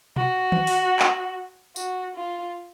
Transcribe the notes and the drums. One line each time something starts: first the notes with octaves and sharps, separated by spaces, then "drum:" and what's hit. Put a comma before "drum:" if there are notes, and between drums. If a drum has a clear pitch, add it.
F#4, drum: tom B2
drum: tom D#3
drum: open hi-hat
drum: clap
F#4, drum: tambourine
F4